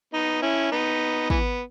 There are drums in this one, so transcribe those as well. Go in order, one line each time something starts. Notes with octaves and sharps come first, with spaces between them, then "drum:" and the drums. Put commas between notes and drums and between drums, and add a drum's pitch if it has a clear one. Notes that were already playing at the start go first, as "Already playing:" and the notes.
B3 D#4
C#4 E4
B3 D#4
E3 B3, drum: kick